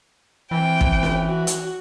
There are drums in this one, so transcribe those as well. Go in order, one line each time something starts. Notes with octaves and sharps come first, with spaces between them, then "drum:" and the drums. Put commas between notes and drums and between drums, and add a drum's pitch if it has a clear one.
E3 C4 G5
drum: kick
drum: snare C#4
F#4
drum: hi-hat